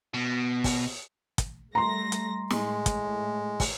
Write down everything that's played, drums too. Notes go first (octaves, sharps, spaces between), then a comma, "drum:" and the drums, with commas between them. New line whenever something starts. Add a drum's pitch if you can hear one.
B2
drum: kick, open hi-hat
drum: kick, hi-hat
G3 A3 A#5 C6 A#6
drum: hi-hat
A2 G#3 A3, drum: snare
drum: kick, hi-hat
drum: kick, open hi-hat